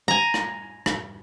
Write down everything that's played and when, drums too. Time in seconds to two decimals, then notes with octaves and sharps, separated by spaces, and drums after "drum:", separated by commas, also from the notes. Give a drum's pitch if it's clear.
0.08 G#5 A#5
0.34 drum: rim click
0.86 drum: rim click